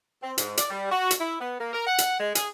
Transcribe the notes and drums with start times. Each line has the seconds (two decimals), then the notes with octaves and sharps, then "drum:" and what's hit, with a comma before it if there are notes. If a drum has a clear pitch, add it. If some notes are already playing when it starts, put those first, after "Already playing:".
0.23 C4
0.38 G#2, drum: hi-hat
0.57 D5, drum: hi-hat
0.71 G3
0.91 F#4
1.11 drum: hi-hat
1.20 E4
1.41 B3
1.60 A#3
1.73 A#4
1.87 F#5
1.98 drum: hi-hat
2.20 G#3
2.35 G#4, drum: hi-hat